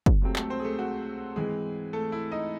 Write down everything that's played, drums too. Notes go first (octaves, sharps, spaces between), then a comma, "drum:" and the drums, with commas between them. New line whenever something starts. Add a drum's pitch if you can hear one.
drum: kick
C#2 C3 F#3 A3 C4
A3 A4, drum: clap
C4 C5
G#4
A3 A4
F#4
G#2 E3 G#3 C4 G#4
A3 A4
E4
D#4 D#5